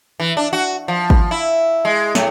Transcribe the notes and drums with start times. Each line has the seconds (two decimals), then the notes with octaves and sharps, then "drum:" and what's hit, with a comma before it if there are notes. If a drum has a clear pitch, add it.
0.20 E3
0.37 D4
0.53 F#4
0.88 F3
1.10 drum: kick G#1
1.31 E4
1.85 G#3
2.15 A2, drum: snare